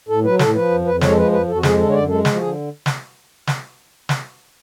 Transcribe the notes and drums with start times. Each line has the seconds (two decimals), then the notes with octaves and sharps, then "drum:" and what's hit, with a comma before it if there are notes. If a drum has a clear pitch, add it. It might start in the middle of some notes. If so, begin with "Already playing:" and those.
0.09 A2 A4
0.24 F#3 B4
0.39 A2 A4, drum: snare
0.54 F3 B4
0.70 F2
0.86 F2 B4
1.01 G#3 C#5, drum: snare
1.09 A4
1.16 F3 B4
1.31 F2 B4
1.48 F2 A4
1.55 F#4
1.63 G#3 G#4, drum: snare
1.77 D3 A4
1.89 C#5
1.93 F#2 D5
2.08 G#3 A4
2.25 F3, drum: snare
2.36 F#4
2.39 D3 G#4
2.86 drum: snare
3.47 drum: snare
4.09 drum: snare